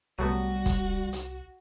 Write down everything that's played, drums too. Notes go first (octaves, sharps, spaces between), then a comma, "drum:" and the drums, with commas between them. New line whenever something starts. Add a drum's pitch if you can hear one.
C2 F#3 G3 A3 B3 F#4
drum: kick, hi-hat
drum: hi-hat